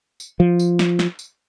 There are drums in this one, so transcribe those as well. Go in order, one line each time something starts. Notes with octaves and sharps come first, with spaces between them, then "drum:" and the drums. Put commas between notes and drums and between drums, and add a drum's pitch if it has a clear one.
drum: tambourine
F3
drum: tambourine
drum: snare
drum: snare
drum: tambourine